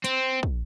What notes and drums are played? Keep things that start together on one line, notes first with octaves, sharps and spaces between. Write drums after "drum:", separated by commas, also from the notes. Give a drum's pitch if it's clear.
C4, drum: hi-hat
drum: kick